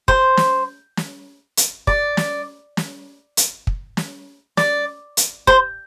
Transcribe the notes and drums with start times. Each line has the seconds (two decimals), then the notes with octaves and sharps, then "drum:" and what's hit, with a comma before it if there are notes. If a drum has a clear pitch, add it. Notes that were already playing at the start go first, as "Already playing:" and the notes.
0.08 C5, drum: kick
0.37 drum: snare
0.97 drum: snare
1.57 drum: hi-hat
1.87 D5, drum: kick
2.17 drum: snare
2.77 drum: snare
3.37 drum: hi-hat
3.67 drum: kick
3.97 drum: snare
4.57 D5, drum: snare
5.17 drum: hi-hat
5.47 C5, drum: kick